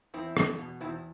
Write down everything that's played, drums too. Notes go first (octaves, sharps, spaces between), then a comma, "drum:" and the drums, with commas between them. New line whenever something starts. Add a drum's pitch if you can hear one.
E2 C4 E4
E2, drum: rim click
B2
E2 C4 E4